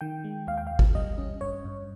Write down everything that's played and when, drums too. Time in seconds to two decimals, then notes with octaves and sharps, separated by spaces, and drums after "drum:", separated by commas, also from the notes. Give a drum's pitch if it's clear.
0.01 D#3 G5
0.24 G#3
0.47 D#2 F5
0.57 G5
0.67 D#2 F5
0.79 drum: kick
0.95 G3 D#5
1.18 C#4
1.41 G2 C#5
1.65 G2